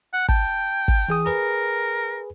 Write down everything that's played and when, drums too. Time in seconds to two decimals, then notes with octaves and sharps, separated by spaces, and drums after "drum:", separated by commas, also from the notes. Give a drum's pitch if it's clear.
0.13 F#5
0.29 G5 A5, drum: kick
0.88 drum: kick
1.09 E3 G#4 D#6
1.26 G#4 A#4 B4